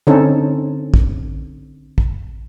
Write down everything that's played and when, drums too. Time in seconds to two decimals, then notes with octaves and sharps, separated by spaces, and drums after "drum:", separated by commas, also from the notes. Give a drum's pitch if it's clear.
0.07 D3 C4 C#4 D#4 A4
0.94 drum: kick
1.98 drum: kick